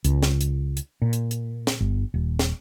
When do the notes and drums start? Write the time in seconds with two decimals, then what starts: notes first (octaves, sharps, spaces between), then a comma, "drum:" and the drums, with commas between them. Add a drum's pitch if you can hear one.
0.04 C#2, drum: hi-hat
0.23 drum: snare
0.41 drum: hi-hat
0.77 drum: hi-hat
1.02 A#2
1.13 drum: hi-hat
1.31 drum: hi-hat
1.67 drum: snare
1.80 G1
2.14 D#1
2.39 drum: snare